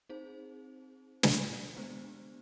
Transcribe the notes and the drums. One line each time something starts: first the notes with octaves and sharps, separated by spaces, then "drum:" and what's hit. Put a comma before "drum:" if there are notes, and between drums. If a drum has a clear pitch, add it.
C4 D#4 G#4 C5
drum: snare
G#3 B3 D4 G4 C5